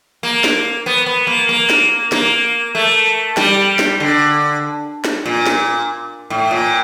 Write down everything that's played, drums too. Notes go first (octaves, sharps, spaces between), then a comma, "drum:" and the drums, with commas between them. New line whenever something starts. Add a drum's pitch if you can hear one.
A#3
drum: snare
B3
B3
A#3
A#3
drum: snare
A#3, drum: snare
A3
G3, drum: snare
drum: snare
D3
drum: snare
A#2
drum: snare
A2
A#2